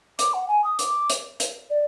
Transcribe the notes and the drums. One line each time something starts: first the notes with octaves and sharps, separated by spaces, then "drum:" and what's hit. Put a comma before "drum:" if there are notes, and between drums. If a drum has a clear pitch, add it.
D6, drum: hi-hat
F#5
G#5
D#6
D6, drum: hi-hat
drum: hi-hat
drum: hi-hat
D5